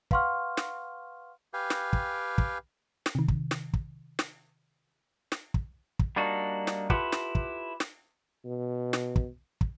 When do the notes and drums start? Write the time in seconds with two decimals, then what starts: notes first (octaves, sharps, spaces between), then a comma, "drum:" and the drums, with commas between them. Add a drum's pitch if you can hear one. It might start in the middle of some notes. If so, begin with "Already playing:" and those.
0.11 B4 F5 F#5 C6 C#6 F6, drum: kick
0.57 drum: snare
1.54 G4 B4 F5 G5 G#5
1.70 drum: snare
1.93 drum: kick
2.38 drum: kick
3.06 drum: snare
3.15 C3 D#3
3.28 drum: kick
3.51 drum: snare
3.74 drum: kick
4.19 drum: snare
5.32 drum: snare
5.54 drum: kick
6.00 drum: kick
6.16 G3 A#3 D4 D#4 F#4
6.67 drum: snare
6.90 E4 F4 G4 A4 B4 F#5, drum: kick
7.12 drum: snare
7.35 drum: kick
7.80 drum: snare
8.45 B2
8.93 drum: snare
9.16 drum: kick
9.61 drum: kick